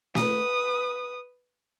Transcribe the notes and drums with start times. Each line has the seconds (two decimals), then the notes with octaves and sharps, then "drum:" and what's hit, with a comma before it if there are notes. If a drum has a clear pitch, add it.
0.15 B4 D#6, drum: snare